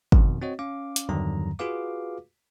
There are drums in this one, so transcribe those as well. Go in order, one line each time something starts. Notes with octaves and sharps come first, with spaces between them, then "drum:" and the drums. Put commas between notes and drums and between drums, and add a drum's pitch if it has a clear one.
F2 B2 D#3, drum: kick
C4 F#4 C#5 D#5
C#4 F5 D6
drum: hi-hat
E2 G2 D3 D#3 F#3 A#5
F4 F#4 G#4 B4 F5 D6